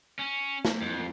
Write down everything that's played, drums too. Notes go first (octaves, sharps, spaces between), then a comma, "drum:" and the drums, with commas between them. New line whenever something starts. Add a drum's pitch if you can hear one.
C#4
drum: snare
F2